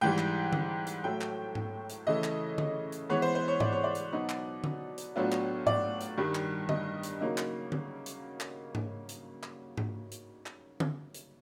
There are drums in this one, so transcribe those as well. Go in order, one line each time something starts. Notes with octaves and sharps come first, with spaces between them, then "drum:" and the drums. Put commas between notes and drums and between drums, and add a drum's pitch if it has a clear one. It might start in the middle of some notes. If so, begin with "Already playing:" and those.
G#2 E3 G3 G5
drum: clap
drum: tom D3
drum: hi-hat
A2 F#3 A3 G5
drum: clap
drum: tom G#2
drum: hi-hat
C#3 E3 A3 D#5
drum: clap
drum: tom D3
drum: hi-hat
E3 G#3 B3 C#5
C5
C5
C#5
D5, drum: tom G#2
C#5
D5
drum: hi-hat
B2 F#3 B3 D#4
drum: clap
drum: tom D3
drum: hi-hat
A2 F#3 B3 D4 F4
drum: clap
D5, drum: tom G#2
drum: hi-hat
G2 D#3 G3
drum: clap
D#5, drum: tom D3
drum: hi-hat
C#3 F#3 A#3 D#4
drum: clap
drum: tom D3
drum: hi-hat
drum: clap
drum: tom G#2
drum: hi-hat
drum: clap
drum: tom G#2
drum: hi-hat
drum: clap
drum: tom D3
drum: hi-hat